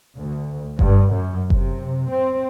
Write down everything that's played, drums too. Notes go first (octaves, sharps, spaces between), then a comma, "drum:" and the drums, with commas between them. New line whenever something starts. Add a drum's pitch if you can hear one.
D2
G2, drum: kick F#1
F#2
C3, drum: kick F#1
C4